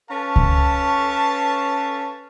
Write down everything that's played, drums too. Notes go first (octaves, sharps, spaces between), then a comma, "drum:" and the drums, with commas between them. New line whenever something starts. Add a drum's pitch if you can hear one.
C#4 A4 B4 C#5 F5 A5
drum: kick C#2